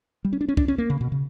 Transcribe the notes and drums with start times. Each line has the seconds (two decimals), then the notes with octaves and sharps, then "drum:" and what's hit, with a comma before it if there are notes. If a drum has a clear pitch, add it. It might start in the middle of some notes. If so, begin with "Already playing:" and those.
0.25 G3
0.33 C#4
0.41 D4
0.48 C#4
0.57 D4, drum: kick C2
0.68 C#4
0.78 A#3
0.90 C#3
1.01 B2
1.12 C#3